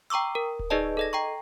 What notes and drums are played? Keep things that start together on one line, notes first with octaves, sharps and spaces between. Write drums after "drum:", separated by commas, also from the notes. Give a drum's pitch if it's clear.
G5 A#5 C#6 D6 E6
A#4
drum: kick D1
D#4 G#4 B4 D5 D#5 A5
A4 D#5 A#6
G5 A#5 C#6